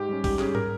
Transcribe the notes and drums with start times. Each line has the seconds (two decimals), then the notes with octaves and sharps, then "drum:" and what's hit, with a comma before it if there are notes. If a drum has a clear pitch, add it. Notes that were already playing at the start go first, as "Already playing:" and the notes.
Already playing: G#2 G4
0.09 G3 C#4
0.24 G#2 G4, drum: kick, open hi-hat
0.39 G3 C#4 G#4, drum: clap
0.55 A#4, drum: tom